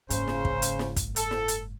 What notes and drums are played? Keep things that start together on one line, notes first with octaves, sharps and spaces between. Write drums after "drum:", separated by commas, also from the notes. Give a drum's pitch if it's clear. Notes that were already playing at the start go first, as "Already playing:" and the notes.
F#1 G#2 C#3 C5, drum: hi-hat
drum: snare
drum: kick
drum: hi-hat
drum: snare
drum: kick, hi-hat
A4, drum: hi-hat
drum: snare
drum: hi-hat